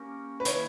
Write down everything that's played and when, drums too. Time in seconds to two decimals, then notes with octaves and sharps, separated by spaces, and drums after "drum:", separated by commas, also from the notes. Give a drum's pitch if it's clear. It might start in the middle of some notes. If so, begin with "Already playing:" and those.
Already playing: A#3 C#4 G4 A#4
0.40 B4
0.45 D#3 A#3 E4 C#5, drum: hi-hat